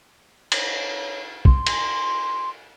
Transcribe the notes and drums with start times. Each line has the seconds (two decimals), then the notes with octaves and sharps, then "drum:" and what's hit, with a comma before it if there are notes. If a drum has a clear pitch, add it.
0.52 C#5, drum: cymbal
1.45 C6, drum: kick
1.67 drum: cymbal